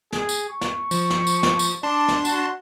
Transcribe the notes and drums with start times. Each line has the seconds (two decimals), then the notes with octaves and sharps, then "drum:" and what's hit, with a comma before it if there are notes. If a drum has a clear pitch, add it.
0.12 G#4, drum: snare
0.29 drum: tambourine
0.50 C#6
0.61 drum: snare
0.91 F3, drum: tambourine
1.10 drum: snare
1.27 drum: tambourine
1.43 drum: snare
1.59 drum: tambourine
1.83 D4 D5 A5 C6
2.08 drum: snare
2.25 F#4, drum: tambourine